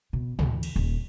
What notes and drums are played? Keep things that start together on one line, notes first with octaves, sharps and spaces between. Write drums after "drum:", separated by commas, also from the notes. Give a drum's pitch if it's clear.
B2
D2 E3, drum: tom
drum: cymbal
D#1